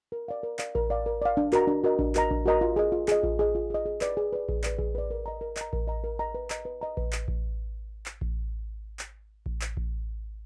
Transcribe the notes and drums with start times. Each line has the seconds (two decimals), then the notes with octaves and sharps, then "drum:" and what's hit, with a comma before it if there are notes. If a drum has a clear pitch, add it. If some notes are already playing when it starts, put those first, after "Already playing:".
0.12 A#4
0.28 D5 F5
0.43 A#4
0.59 D5 F5, drum: clap
0.75 A#4, drum: kick A1
0.90 D5 F5
1.06 A#4
1.22 D5 F5
1.37 D4
1.53 F#4 A#4 D#5 A#5, drum: clap
1.67 D4
1.84 F#4 A#4 D#5 A#5
1.99 D4, drum: kick A1
2.15 F#4 A#4 D#5 A#5, drum: clap
2.31 D4, drum: kick A1
2.46 F#4 A#4 D#5 A#5
2.61 F4
2.76 G#4 D#5
2.92 F4
3.08 G#4 D#5, drum: clap
3.23 F4, drum: kick A1
3.39 G#4 D#5
3.55 F4
3.70 G#4 D#5
3.86 G#4
4.01 B4 D5, drum: clap
4.17 G#4
4.33 B4 D5
4.49 G#4, drum: kick A1
4.64 B4 D5, drum: clap
4.79 G#4, drum: kick A1
4.95 B4 D5
5.11 A#4
5.26 D#5 A#5
5.41 A#4
5.57 D#5 A#5, drum: clap
5.73 A#4, drum: kick A1
5.88 D#5 A#5
6.04 A#4
6.19 D#5 A#5
6.35 B4
6.50 D#5 A#5, drum: clap
6.65 B4
6.81 D#5 A#5
6.97 B4, drum: kick A1
7.12 drum: clap
7.28 drum: kick A1
8.06 drum: clap
8.21 drum: kick A1
8.99 drum: clap
9.46 drum: kick A1
9.61 drum: clap
9.77 drum: kick A1